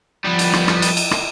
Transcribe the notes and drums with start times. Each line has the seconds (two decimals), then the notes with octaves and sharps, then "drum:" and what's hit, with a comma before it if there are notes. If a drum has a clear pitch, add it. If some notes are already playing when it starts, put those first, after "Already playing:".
0.24 F3 G3 B3
0.39 drum: cymbal
0.53 drum: rim click
0.68 drum: rim click
0.82 drum: cymbal
0.97 drum: cymbal
1.11 drum: rim click